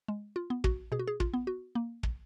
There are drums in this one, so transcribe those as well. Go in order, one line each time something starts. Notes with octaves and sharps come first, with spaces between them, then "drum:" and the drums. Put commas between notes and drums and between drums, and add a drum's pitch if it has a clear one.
G#3
F4
B3
F#4, drum: kick
B2 G#4
F#4
G#4
F4, drum: kick
B3
F#4
A#3
drum: kick